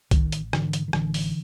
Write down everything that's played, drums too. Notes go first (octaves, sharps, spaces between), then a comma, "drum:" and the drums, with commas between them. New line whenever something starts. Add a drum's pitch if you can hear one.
A1 D#3, drum: kick C2, hi-hat
drum: hi-hat
G#2 D3 E3, drum: rim click
drum: hi-hat
D#3
A1 D3 E3, drum: rim click
drum: open hi-hat